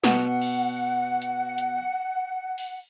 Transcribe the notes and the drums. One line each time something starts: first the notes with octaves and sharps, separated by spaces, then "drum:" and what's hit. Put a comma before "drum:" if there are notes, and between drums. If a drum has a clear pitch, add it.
B2 F#5, drum: snare
drum: cymbal
drum: hi-hat
drum: hi-hat
drum: open hi-hat